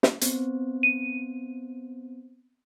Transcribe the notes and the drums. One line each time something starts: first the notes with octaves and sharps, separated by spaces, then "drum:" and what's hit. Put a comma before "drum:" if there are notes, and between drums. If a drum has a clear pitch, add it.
drum: snare
B3 C4 C5, drum: hi-hat
D#7